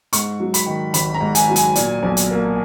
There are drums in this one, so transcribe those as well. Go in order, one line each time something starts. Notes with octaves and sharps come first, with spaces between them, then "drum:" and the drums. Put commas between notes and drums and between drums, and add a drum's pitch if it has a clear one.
G#2 C#6, drum: hi-hat
F#3
B5, drum: hi-hat
D#3
G#1 B5, drum: hi-hat
A#5
G#2
G#5, drum: hi-hat
F#3
G#5, drum: hi-hat
A#2, drum: hi-hat
B1
drum: hi-hat
A#3